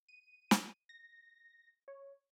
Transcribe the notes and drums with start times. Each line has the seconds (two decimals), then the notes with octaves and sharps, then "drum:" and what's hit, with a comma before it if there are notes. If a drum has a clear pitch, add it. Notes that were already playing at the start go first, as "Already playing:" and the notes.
0.09 D#7
0.51 drum: snare
0.89 A#6
1.88 C#5